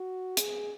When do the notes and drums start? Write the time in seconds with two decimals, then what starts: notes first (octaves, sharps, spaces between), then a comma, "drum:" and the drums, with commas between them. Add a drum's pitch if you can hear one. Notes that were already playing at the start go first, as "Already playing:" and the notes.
Already playing: F#4
0.37 G#4, drum: hi-hat